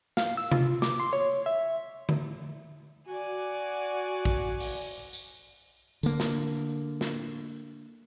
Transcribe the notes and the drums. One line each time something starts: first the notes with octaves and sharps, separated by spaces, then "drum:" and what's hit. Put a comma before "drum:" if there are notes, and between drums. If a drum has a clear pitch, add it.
F5, drum: snare
E6
F4, drum: tom C3
D6, drum: snare
C6
C#5
E5
drum: tom D3
F#4 D5 G#5
drum: kick
drum: open hi-hat
drum: tambourine
D3 A#3, drum: tambourine
drum: snare
drum: snare